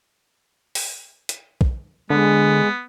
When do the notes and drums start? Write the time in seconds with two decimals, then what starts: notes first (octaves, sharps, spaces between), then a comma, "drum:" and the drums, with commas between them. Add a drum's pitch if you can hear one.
0.75 drum: open hi-hat
1.29 drum: hi-hat
1.61 drum: kick
2.10 D3 G#3 B3